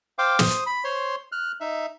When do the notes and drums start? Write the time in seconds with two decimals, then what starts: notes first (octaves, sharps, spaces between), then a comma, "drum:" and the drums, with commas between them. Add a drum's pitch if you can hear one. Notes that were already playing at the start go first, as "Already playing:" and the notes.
0.19 C5 F5 G5 D6
0.39 C5 D#6, drum: snare
0.66 B5
0.84 C5 C#5 C6
1.32 F6 F#6
1.61 D#4 E5